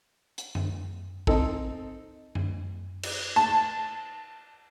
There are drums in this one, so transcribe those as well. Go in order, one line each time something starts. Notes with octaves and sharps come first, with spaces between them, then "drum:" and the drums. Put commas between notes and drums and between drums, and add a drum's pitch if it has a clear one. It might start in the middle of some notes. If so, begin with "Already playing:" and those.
drum: hi-hat
drum: tom F#2
C4 D#4 A4, drum: kick
drum: tom F#2
drum: cymbal
A5